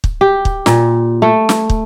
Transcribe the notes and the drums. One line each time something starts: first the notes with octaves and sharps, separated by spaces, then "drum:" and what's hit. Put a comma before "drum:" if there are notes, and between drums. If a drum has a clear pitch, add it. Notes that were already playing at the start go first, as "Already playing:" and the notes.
drum: kick
G4
drum: kick
A#2, drum: snare
A3
drum: snare
drum: kick